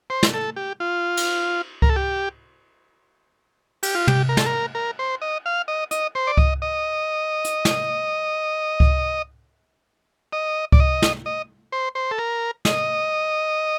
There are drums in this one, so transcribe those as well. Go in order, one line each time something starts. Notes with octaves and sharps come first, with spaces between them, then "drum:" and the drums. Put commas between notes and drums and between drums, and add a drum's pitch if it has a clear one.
C5
drum: snare
A4
G4
F4
drum: cymbal
A#4, drum: kick C#2
A4
G4
G4, drum: cymbal
F4
G4, drum: tom
A#4
A4, drum: snare
A#4
A#4
C5
D#5
F5
D#5
D#5, drum: hi-hat
C5
D5
D#5, drum: kick C#2
D#5
drum: hi-hat
drum: snare
drum: kick C#2
D#5
D5, drum: kick C#2
D#5
drum: snare
D#5
C5
C5
A4
A#4
D#5, drum: snare